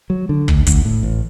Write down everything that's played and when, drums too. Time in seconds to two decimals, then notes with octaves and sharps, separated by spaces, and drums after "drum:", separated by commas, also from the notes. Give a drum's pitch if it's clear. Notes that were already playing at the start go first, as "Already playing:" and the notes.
0.10 F#3
0.29 D3
0.48 D2, drum: kick
0.66 D2, drum: kick, hi-hat
0.85 A2
1.03 A1